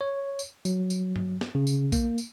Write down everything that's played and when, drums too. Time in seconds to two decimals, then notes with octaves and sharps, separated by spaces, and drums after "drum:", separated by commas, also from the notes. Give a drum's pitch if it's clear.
0.01 C#5
0.39 drum: tambourine
0.65 F#3, drum: tambourine
0.90 drum: tambourine
1.16 drum: tom G2
1.41 drum: snare
1.55 C#3
1.67 drum: tambourine
1.92 A#3, drum: kick A#1, tambourine
2.18 drum: tambourine